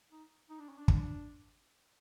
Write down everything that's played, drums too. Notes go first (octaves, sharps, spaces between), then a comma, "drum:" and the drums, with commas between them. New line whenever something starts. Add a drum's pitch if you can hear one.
D#4
D#4
D4
C#4
D4
drum: kick